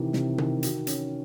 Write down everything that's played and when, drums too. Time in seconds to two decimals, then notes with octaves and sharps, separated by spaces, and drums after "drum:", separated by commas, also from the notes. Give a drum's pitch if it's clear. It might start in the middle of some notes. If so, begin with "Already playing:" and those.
Already playing: C3 D#3 E3
0.13 C3, drum: snare
0.38 D#3, drum: tom B2
0.63 F#4, drum: hi-hat
0.87 C#4, drum: hi-hat